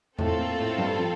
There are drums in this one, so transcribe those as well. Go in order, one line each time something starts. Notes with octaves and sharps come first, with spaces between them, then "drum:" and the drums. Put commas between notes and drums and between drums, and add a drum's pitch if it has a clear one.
A2 A3 C4 F4 A4, drum: tom
A#2 A#3
A2 A3
G2 G3
F3